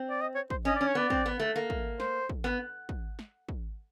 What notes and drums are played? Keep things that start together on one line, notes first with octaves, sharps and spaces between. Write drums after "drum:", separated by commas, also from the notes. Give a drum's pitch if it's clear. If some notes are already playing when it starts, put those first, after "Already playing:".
Already playing: C4
D5
D#5
C#5
C5, drum: kick
C#4 D#5
C#4 D5
C#5
B3 D5
C4, drum: kick
B3
A3
A#3
drum: kick
C5, drum: snare
drum: kick
B3
drum: kick
drum: snare
drum: kick